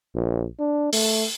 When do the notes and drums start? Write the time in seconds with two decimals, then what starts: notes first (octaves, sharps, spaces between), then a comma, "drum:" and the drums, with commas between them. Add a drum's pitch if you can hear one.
0.15 A#1
0.59 D4
0.93 A3, drum: open hi-hat